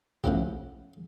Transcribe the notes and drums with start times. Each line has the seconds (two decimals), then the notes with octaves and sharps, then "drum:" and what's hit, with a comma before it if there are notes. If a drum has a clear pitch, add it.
0.24 F3 F#3 A3 C#4 E4 G4, drum: kick A#1